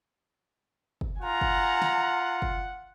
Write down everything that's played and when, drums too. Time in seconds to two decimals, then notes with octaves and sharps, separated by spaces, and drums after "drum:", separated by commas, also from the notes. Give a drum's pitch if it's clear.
1.01 drum: kick
1.21 F4 F#5 G#5 A#5
1.41 drum: kick
1.82 drum: snare
2.42 drum: kick